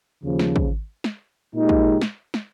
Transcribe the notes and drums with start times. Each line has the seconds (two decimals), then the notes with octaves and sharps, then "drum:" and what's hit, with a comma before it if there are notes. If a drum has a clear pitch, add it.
0.23 D#2 C#3 F3
0.39 drum: snare
0.56 drum: kick
1.04 drum: snare
1.53 A#2 G#3 D#4 G4
1.69 drum: kick
2.01 drum: snare
2.34 drum: snare